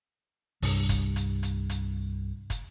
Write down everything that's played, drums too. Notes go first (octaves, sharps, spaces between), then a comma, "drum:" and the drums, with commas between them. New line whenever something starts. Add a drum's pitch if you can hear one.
C2 G2, drum: open hi-hat
drum: kick, hi-hat
drum: hi-hat
drum: hi-hat
drum: hi-hat
drum: kick, hi-hat